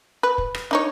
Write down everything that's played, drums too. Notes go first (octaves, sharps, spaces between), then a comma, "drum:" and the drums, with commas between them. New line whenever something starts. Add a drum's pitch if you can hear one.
B4
drum: kick
drum: rim click
D4 D#4 C#5